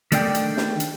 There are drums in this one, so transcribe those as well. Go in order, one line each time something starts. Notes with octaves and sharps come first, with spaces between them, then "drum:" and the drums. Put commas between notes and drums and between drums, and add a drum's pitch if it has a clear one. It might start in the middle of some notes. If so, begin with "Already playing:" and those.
D#3 A3 D4 D5 F5 G5, drum: hi-hat
drum: hi-hat
drum: snare
drum: hi-hat